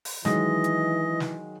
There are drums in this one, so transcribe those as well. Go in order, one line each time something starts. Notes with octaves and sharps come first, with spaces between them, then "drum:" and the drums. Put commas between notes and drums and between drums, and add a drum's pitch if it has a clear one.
drum: open hi-hat
D#3 E3 F#3 G#3 D#5, drum: snare
drum: hi-hat
drum: snare